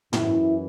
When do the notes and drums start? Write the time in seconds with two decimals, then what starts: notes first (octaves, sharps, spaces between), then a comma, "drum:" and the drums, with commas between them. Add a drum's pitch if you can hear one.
0.13 F#2 E3 E4, drum: tom